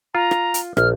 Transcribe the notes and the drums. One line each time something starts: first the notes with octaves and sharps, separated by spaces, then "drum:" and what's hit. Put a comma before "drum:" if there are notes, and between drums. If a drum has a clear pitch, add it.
F4 A#5
drum: rim click
drum: hi-hat
A#1 F6, drum: rim click